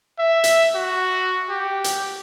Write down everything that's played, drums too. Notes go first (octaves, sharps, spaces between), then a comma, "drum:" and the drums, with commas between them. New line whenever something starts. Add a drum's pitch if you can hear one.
E5
drum: hi-hat
F#4
G4
drum: hi-hat